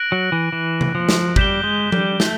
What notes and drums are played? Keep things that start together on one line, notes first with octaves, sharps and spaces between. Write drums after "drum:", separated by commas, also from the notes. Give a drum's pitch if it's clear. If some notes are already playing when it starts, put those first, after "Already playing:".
Already playing: F#6 A#6 D7 F#7
F#3
E3
E3
drum: tom C3
F3
drum: snare
G3 G6 B6 E7 G7, drum: kick
G#3
G3, drum: tom F3
A3, drum: snare